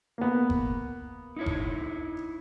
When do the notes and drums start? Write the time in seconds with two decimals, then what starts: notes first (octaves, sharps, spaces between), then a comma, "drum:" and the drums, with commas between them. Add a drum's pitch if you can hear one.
0.18 A#3 B3
0.50 drum: kick F#1
1.37 D#4 E4 C#5
1.46 drum: kick F#1